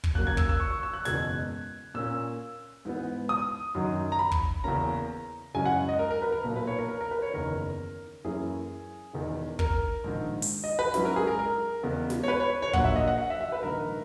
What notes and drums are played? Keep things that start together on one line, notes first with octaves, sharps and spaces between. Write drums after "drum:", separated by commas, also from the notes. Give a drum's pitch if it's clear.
drum: kick
D#2 C#3 F#3 A#3 F#6
G#6
E6, drum: kick
E6
C#6
C#6
E6
F#6
F#1 E2 B2 G#3 G#6, drum: snare
A#2 A#3 C#4 E6
G#2 E3 B3
D#6
F#2 D#3 F#3
A#5
B5
drum: kick
E2 C#3 E3 A#3 C#4 A#5
F#2 C#3 E3 G#3 C#4 G#5
F#5
D#5
A#4
A#4
B4
A#4
B1 A#2 A#3
B4
C#5
A#4
A#4
A#4
B4
C#5
F#1 E2 D#3 A#4
F#2 E3 A#3 C#4 E4 G#4
E1 E2 D#3
A#4, drum: kick
A#1 G#2 D#3
drum: open hi-hat
D#5
B4
G#2 F#3 C#4 E4, drum: snare
A#4
G#4
A#4
A#4
E2 C#3 G#3 B3
drum: snare
C#5
B4
C#5
C#5
A#1 A#2 F#3 A#3 F#5, drum: kick
E5
D#5
F#5
F#5
E5
E5
B4
A#1 G#2 D#3 A#4